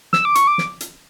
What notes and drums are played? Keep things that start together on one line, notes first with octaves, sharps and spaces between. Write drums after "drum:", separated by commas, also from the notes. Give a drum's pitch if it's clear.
E6, drum: snare
D6
C#6, drum: hi-hat
D6
drum: snare
drum: hi-hat